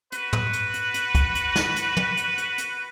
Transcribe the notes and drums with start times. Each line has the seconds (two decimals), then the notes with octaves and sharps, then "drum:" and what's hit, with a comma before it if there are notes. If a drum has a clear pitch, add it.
0.12 F#4 B4, drum: hi-hat
0.33 drum: tom
0.53 drum: hi-hat
0.74 drum: hi-hat
0.94 drum: hi-hat
1.15 drum: kick, hi-hat
1.35 drum: hi-hat
1.56 drum: snare
1.76 drum: hi-hat
1.97 drum: tom
2.17 drum: hi-hat
2.38 drum: hi-hat
2.58 drum: hi-hat